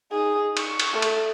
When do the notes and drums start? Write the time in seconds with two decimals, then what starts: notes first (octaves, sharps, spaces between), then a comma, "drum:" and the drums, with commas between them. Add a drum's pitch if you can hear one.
0.11 D#4 G#4
0.57 C#6, drum: cymbal
0.79 drum: cymbal
0.93 A3
1.02 drum: cymbal